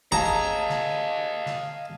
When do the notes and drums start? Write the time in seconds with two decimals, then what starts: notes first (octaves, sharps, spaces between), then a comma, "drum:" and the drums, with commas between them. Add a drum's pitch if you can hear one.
0.12 G#4 D#5 F5 A5 A#5, drum: kick
0.31 drum: kick
0.69 drum: snare
1.46 drum: snare